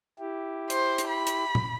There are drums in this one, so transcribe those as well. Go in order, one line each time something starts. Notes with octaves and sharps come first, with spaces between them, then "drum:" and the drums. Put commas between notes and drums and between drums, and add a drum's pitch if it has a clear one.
E4 G4
C5, drum: hi-hat
drum: hi-hat
B5
drum: hi-hat
drum: tom